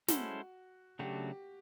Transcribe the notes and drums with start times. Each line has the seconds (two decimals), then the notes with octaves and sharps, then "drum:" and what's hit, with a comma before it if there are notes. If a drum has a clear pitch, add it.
0.08 G#3 C#4 E4 F#4 A4 C5, drum: snare
0.99 C#3 F#3 A3 D4 F#4 G4